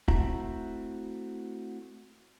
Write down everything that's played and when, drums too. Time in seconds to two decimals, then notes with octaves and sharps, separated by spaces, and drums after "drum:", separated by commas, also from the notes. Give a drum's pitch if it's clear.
0.08 A3 C4 E4 F#4 A#5, drum: kick